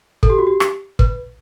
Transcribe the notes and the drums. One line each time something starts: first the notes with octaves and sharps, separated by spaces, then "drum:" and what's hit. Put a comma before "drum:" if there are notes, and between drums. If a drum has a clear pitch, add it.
A4, drum: kick
G4
F#4
G4
drum: rim click
B4, drum: kick